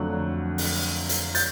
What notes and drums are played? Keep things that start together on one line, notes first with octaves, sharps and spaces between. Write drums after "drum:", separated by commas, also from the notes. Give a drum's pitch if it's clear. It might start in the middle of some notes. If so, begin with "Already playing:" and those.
Already playing: F2 D3 F#3 A3 F#6
drum: open hi-hat
drum: hi-hat
G6 A6, drum: hi-hat